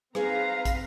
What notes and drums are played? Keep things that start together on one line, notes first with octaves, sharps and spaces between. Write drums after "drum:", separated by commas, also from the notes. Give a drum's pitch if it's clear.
C4 D#4 G#4 B4 C5 F5 A#5, drum: rim click
drum: kick, hi-hat